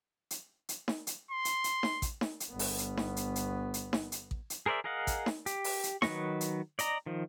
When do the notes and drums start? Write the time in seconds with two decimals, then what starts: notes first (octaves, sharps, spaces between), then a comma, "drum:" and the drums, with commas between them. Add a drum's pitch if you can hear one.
0.30 drum: hi-hat
0.69 drum: hi-hat
0.88 drum: snare D#4
1.07 drum: hi-hat
1.31 C6
1.45 drum: hi-hat
1.64 drum: hi-hat
1.83 drum: snare D#4
2.02 drum: kick A1, hi-hat
2.21 drum: snare D#4
2.40 drum: hi-hat
2.50 G1 B3
2.59 drum: open hi-hat
2.78 drum: hi-hat
2.97 drum: snare D#4
3.16 drum: hi-hat
3.36 drum: hi-hat
3.74 drum: hi-hat
3.93 drum: snare D#4
4.12 drum: hi-hat
4.31 drum: kick A1
4.50 drum: hi-hat
4.66 G#4 A#4 C5 D5 E5
4.84 G#4 A#4 D#5 F5 F#5
5.07 drum: kick A1, hi-hat
5.26 drum: snare D#4
5.46 G4, drum: hi-hat
5.64 drum: open hi-hat
5.83 drum: hi-hat
6.02 D#3 F#3 B4 D#5 C#6, drum: snare D#4
6.41 drum: hi-hat
6.79 D5 D#5 A#5, drum: hi-hat
7.06 D#3 F3